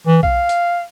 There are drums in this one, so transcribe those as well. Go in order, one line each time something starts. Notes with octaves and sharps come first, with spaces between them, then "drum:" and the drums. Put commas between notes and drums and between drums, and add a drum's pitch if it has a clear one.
E3
F5, drum: kick B1
drum: hi-hat